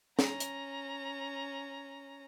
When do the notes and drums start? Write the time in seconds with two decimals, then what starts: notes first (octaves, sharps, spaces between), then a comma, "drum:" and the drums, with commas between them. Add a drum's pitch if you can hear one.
0.19 C#4 A#5, drum: snare
0.40 drum: hi-hat